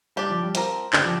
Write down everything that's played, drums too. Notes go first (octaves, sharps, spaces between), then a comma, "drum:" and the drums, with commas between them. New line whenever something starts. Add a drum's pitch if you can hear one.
G3 D4 G4 D5
F3
G3
F3 C4 A#4, drum: hi-hat
D3 C4 G4 D5, drum: clap
F3